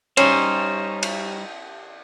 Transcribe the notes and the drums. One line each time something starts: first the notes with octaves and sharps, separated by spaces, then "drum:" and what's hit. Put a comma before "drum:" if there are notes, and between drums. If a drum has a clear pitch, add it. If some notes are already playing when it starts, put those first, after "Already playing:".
G3 C#4 D#4 C5, drum: cymbal
drum: cymbal